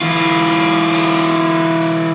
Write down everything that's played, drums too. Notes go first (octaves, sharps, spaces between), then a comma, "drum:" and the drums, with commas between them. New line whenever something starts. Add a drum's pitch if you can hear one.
E3 F4
drum: open hi-hat
drum: hi-hat